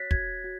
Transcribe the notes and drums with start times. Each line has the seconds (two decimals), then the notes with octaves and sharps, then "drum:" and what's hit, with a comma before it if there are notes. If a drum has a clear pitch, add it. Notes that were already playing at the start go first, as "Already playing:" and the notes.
Already playing: F#4 C#5 F#6 A6 B6
0.11 F#4 G#6, drum: kick
0.44 F#4